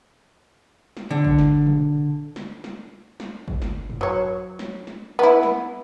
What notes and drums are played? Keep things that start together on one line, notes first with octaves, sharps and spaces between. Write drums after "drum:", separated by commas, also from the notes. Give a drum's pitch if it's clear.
drum: snare
D3
drum: kick
drum: snare
drum: tom
drum: snare
drum: snare
drum: snare
drum: kick
drum: snare
drum: tom
F#3 C#5
drum: snare
drum: snare
B3 E4
drum: snare